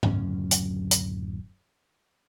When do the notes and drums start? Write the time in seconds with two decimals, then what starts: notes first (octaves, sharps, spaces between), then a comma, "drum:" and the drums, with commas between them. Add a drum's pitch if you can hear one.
0.03 D1 F#2 C#3 C#4, drum: tom G#2
0.51 drum: hi-hat
0.91 drum: hi-hat